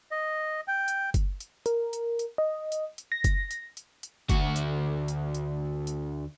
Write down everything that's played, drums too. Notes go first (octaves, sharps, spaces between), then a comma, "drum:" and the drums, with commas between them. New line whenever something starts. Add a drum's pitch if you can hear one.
D#5
G5
drum: hi-hat
drum: kick F#1, hi-hat
drum: hi-hat
A#4, drum: hi-hat
drum: hi-hat
drum: hi-hat
D#5
drum: hi-hat
drum: hi-hat
A#6
drum: kick F#1, hi-hat
drum: hi-hat
drum: hi-hat
drum: hi-hat
D2 F#4, drum: kick F#1, hi-hat
drum: hi-hat
drum: hi-hat
drum: hi-hat
drum: hi-hat